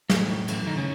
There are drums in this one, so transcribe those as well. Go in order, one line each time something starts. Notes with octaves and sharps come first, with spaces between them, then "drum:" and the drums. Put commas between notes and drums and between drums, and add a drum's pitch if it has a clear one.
F#2 A2 E3 A3, drum: snare
F#2 A2 E3 A3, drum: cymbal
D#3 D#4
C#3 C#4